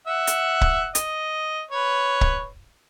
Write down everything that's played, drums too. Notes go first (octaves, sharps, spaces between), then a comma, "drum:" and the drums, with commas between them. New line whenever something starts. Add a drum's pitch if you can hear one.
E5 F#5
drum: hi-hat
drum: kick C#1
D#5, drum: hi-hat
B4 C#5
drum: kick C#1